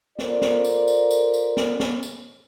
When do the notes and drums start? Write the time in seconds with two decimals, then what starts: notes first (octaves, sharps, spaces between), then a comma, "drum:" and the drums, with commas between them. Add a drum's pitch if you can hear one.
0.19 F4 A4 A#4 C5 D5, drum: snare
0.42 drum: snare
0.65 drum: tambourine
0.88 drum: tambourine
1.11 drum: tambourine
1.34 drum: tambourine
1.57 drum: snare
1.80 drum: snare
2.03 drum: tambourine